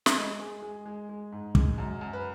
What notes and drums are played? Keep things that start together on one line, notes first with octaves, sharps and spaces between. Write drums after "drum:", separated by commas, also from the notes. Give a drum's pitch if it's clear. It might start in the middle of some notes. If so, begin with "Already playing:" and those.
E5, drum: snare
G#3 D#5
G#3 G#4
G#3 G#4
G#3 G#4
G#3
G#2
G#3, drum: kick
F#2
F#2
B4